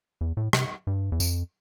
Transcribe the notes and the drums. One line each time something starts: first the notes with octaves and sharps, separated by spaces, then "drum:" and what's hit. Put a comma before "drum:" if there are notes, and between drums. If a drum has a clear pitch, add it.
E2
A2
C3, drum: rim click
G2
E2
F2, drum: tambourine